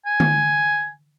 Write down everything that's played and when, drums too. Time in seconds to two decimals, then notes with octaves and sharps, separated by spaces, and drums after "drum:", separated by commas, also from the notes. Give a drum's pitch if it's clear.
0.06 G#5
0.20 drum: tom D3